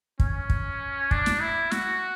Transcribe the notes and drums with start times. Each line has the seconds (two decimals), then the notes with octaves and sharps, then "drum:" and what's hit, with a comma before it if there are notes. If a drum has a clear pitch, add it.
0.20 C#4, drum: kick
0.50 drum: kick
1.11 D4, drum: kick
1.26 drum: snare
1.41 E4
1.71 F#4, drum: snare